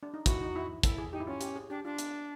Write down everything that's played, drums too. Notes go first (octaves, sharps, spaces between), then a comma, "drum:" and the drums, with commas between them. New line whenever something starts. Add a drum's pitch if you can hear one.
D4
D#4
E4 F#4, drum: kick, hi-hat
D#4
E4
E4 A4, drum: kick, hi-hat
G#4
D#4 G4
E4
C#4 F4
G4, drum: hi-hat
G#4
D4 G4
D4 F4
drum: hi-hat